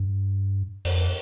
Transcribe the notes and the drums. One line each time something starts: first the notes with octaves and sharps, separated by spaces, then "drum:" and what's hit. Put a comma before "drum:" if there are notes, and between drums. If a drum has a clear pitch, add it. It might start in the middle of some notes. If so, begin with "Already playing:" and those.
Already playing: G2
F2, drum: open hi-hat